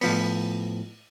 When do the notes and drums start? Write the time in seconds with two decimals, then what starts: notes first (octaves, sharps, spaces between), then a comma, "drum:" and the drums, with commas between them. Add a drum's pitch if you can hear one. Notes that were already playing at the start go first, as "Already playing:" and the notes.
0.01 A2 F3 B3, drum: open hi-hat